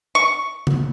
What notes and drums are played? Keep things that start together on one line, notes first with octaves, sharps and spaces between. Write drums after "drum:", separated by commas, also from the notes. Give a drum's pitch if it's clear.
C#6
drum: tom C#3